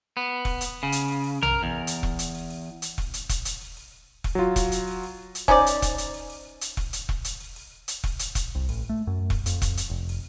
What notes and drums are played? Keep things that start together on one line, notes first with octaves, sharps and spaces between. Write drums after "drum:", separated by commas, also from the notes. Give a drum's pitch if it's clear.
B3
drum: kick E1, open hi-hat
drum: hi-hat
C#3
drum: hi-hat
drum: open hi-hat
drum: open hi-hat
A#4, drum: tom A#1
E2
drum: hi-hat
drum: kick E1
drum: hi-hat
drum: open hi-hat
drum: open hi-hat
drum: hi-hat
drum: kick E1, open hi-hat
drum: hi-hat
drum: kick E1, hi-hat
drum: hi-hat
drum: open hi-hat
drum: open hi-hat
drum: kick E1, open hi-hat
F#3 F4
drum: kick E1, hi-hat
drum: hi-hat
drum: open hi-hat
drum: open hi-hat
drum: hi-hat
C#4 D#4 C5 D5, drum: kick E1, open hi-hat
drum: hi-hat
drum: kick E1, hi-hat
drum: hi-hat
drum: open hi-hat
drum: open hi-hat
drum: hi-hat
drum: kick E1, open hi-hat
drum: hi-hat
drum: kick E1
drum: hi-hat
drum: open hi-hat
drum: open hi-hat
drum: hi-hat
drum: kick E1, open hi-hat
drum: hi-hat
drum: kick E1, hi-hat
C2
A1, drum: open hi-hat
A3
F#2
drum: kick E1, open hi-hat
F2, drum: hi-hat
drum: kick E1, hi-hat
drum: hi-hat
F1
drum: open hi-hat